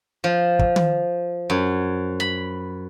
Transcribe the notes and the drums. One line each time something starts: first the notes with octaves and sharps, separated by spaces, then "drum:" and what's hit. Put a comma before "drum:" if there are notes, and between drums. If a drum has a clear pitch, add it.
F3
drum: kick
drum: tom
F#2
B5